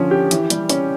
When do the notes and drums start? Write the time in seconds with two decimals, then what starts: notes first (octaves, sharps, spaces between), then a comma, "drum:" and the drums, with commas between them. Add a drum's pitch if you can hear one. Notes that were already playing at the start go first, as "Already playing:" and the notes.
Already playing: D3 F3 C#4
0.11 G4
0.31 E3, drum: hi-hat
0.50 G3, drum: hi-hat
0.69 C#4, drum: hi-hat